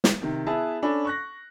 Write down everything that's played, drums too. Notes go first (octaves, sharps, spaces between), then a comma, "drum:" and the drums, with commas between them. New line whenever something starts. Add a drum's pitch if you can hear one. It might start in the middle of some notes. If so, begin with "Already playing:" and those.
drum: snare
C3 D#3
B3 E4 G#4 B4 E5 A5
C#4 D4 A4 G#5 B5
C#6 F#6 A#6